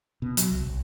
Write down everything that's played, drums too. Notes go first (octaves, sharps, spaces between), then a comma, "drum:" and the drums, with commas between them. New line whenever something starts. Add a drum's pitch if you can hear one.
B2
F#3, drum: hi-hat
C2
B1